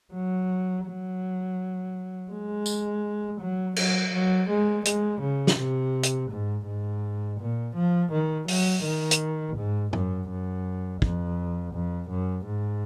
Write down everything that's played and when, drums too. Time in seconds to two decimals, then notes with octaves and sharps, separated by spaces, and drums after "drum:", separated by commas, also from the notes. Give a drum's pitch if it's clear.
0.13 F#3
0.87 F#3
2.31 G#3
2.66 drum: tambourine
3.40 F#3
3.76 F#3, drum: cymbal
4.13 F#3
4.49 G#3
4.85 G#3, drum: hi-hat
5.21 C#3
5.47 drum: snare
5.58 C3
6.03 drum: hi-hat
6.31 G#2
6.66 G#2
7.40 A#2
7.76 F3
8.12 D#3
8.48 F#3, drum: open hi-hat
8.84 D#3
9.11 drum: hi-hat
9.57 G#2
9.93 F#2, drum: tom G#2
10.30 F#2
11.02 F2, drum: kick
11.74 F2
12.10 F#2
12.46 G#2